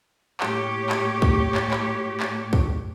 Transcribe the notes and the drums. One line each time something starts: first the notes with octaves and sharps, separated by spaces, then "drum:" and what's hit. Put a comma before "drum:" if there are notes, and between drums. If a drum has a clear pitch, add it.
A2 A#3 G4 C#5, drum: clap
drum: clap
drum: kick
drum: clap
drum: clap
drum: clap
drum: kick